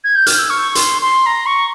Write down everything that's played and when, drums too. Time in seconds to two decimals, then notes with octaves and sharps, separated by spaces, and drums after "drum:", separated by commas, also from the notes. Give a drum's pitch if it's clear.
0.04 G#6
0.15 G6
0.26 F6, drum: hi-hat
0.39 E6
0.50 C#6
0.75 C6, drum: hi-hat
1.02 C6
1.26 A#5
1.46 C#6